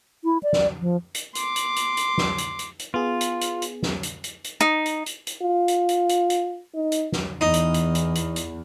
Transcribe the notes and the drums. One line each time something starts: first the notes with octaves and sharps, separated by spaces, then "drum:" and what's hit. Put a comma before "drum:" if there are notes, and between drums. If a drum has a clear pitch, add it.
E4
D5
drum: snare
F3
drum: hi-hat
C6 D6, drum: hi-hat
drum: hi-hat
drum: hi-hat
drum: hi-hat
drum: snare
drum: hi-hat
drum: hi-hat
drum: hi-hat
B3 F4 G#4
drum: hi-hat
drum: hi-hat
drum: hi-hat
drum: snare
drum: hi-hat
drum: hi-hat
drum: hi-hat
D#4
drum: hi-hat
drum: hi-hat
drum: hi-hat
F4
drum: hi-hat
drum: hi-hat
drum: hi-hat
drum: hi-hat
D#4
drum: hi-hat
drum: snare
E2 D#4
drum: hi-hat
drum: hi-hat
drum: hi-hat
drum: hi-hat
drum: hi-hat